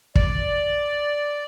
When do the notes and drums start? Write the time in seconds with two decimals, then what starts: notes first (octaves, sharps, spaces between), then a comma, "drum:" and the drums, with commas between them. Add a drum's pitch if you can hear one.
0.16 D5, drum: kick